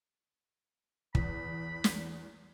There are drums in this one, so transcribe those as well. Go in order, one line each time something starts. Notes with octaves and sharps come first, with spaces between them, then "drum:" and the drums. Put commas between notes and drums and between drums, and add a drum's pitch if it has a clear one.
E2 B5, drum: kick
drum: snare